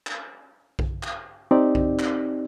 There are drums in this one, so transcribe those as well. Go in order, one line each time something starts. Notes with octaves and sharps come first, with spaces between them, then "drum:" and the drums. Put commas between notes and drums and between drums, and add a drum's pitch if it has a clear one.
drum: clap
drum: kick B1
drum: clap
C4 D#4 G4 D5
drum: kick B1
drum: clap